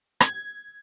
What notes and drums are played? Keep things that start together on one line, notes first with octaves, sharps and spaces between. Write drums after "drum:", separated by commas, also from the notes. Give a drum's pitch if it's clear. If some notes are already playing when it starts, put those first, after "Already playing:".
G#6, drum: rim click